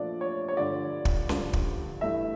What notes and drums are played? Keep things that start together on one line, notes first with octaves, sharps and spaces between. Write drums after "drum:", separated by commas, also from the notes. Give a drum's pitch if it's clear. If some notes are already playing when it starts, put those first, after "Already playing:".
Already playing: A#2 F3 A3 D4 D5
C#5
C#5
G2 D3 F3 D5
drum: kick
G2 D3 F3, drum: snare C#4
drum: kick
G2 E3 A3 E4 E5